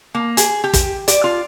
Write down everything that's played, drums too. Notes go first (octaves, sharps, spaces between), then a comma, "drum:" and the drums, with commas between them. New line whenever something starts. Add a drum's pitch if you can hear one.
A#3
G#4, drum: hi-hat
G4
drum: kick, hi-hat
D5, drum: hi-hat
F4